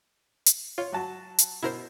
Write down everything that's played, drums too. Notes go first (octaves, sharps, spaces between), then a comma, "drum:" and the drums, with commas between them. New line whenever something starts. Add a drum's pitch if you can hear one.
drum: hi-hat
F4 C#5
F#3 F#4 A5
drum: hi-hat
B2 E4 A#4 C5